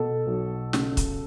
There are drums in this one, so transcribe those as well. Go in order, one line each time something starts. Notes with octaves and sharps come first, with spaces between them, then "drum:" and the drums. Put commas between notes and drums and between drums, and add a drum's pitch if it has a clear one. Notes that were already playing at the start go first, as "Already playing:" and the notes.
Already playing: B2 A4
B1
C#3, drum: snare
drum: kick C#1, hi-hat